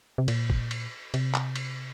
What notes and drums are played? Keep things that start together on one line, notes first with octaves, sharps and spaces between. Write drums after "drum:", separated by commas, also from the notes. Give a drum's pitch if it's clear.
C3
A#2, drum: cymbal
drum: kick
drum: cymbal
C3, drum: cymbal
drum: clap
drum: cymbal